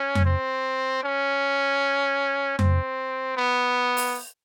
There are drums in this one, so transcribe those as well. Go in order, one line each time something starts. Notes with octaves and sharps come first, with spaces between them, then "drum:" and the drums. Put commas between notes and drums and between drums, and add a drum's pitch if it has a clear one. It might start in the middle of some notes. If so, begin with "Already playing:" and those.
Already playing: C#4
drum: tom F2
C4
C#4
C4, drum: tom F2
B3
drum: open hi-hat